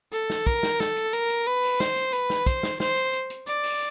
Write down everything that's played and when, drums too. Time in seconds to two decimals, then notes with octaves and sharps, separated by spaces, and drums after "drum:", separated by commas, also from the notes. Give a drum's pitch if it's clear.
0.13 A4, drum: hi-hat
0.30 drum: snare
0.47 A#4, drum: kick, hi-hat
0.63 drum: snare
0.80 A4, drum: snare
0.96 drum: hi-hat
1.13 A#4, drum: hi-hat
1.30 drum: hi-hat
1.47 B4
1.63 drum: open hi-hat
1.80 C5, drum: snare
1.97 drum: hi-hat
2.13 B4, drum: hi-hat
2.30 drum: snare
2.46 C5, drum: kick, hi-hat
2.63 drum: snare
2.80 C5, drum: snare
2.97 drum: hi-hat
3.13 drum: hi-hat
3.30 drum: hi-hat
3.47 D5, drum: hi-hat
3.63 drum: open hi-hat